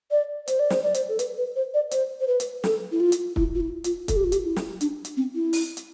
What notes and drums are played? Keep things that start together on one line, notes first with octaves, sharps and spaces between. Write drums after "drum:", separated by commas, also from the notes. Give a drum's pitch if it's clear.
D5
C5, drum: hi-hat
D5
C5, drum: snare
D5
C5, drum: hi-hat
A4
B4, drum: hi-hat
B4
C5
D5
C5, drum: hi-hat
C5
B4
drum: hi-hat
A4, drum: snare
E4
F4
drum: hi-hat
E4, drum: kick
F4
E4
F4, drum: hi-hat
A4, drum: kick, hi-hat
G4
F4
G4, drum: hi-hat
E4
drum: snare
D4, drum: hi-hat
drum: hi-hat
C4
E4
drum: open hi-hat
drum: hi-hat